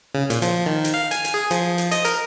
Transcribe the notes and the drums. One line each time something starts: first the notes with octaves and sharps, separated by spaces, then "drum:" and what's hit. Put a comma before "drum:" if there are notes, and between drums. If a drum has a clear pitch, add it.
C#3
A#2, drum: hi-hat
F3, drum: hi-hat
D#3
drum: hi-hat
F5
G#5, drum: hi-hat
drum: hi-hat
G#4
F3, drum: hi-hat
drum: hi-hat
D#5, drum: hi-hat
A#4, drum: hi-hat